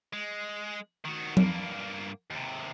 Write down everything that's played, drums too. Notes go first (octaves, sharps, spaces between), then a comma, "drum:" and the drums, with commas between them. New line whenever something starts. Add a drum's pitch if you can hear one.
G#3
D#3 F#4
G2 A#3, drum: tom F#3
D#2 C3